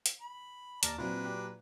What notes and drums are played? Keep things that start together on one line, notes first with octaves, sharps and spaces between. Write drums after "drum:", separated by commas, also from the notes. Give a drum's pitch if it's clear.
drum: hi-hat
B5
D#2 D5 A5 A#5 F6 A#6, drum: hi-hat
A#2 F#3 C4 D4 E4 F4 B4 A#5
G4